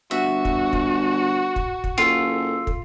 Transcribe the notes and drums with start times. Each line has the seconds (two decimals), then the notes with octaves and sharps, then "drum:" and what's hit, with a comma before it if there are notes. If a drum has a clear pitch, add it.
0.11 G1 F#4 E5
0.45 drum: kick
0.73 drum: kick
1.56 drum: kick
1.84 drum: kick
1.98 F#1 F4 A4
2.67 drum: kick